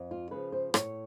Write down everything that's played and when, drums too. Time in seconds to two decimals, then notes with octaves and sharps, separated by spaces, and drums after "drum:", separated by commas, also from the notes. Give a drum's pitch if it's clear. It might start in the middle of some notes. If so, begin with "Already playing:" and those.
Already playing: F2
0.11 F4
0.31 C#3 F3 B4
0.52 C5
0.74 A2 C#5, drum: rim click